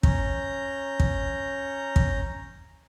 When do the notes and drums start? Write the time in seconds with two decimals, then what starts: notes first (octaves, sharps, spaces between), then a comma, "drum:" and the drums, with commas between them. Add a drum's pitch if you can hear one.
0.03 C#4 A#5 G6, drum: kick
1.00 drum: kick
1.96 drum: kick